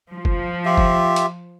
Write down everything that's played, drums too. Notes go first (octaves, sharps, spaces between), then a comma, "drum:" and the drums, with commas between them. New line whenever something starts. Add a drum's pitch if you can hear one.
F3
drum: kick
F4 G4 E5
drum: kick
drum: hi-hat